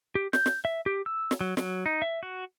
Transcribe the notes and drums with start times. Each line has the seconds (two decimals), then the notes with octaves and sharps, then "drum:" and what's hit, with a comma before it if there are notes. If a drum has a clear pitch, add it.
0.15 G4
0.33 G6, drum: snare
0.46 drum: snare
0.65 E5
0.86 G4
1.06 E6
1.31 drum: snare
1.41 F#3
1.57 F#3, drum: snare
1.86 D#4
2.02 E5
2.23 F#4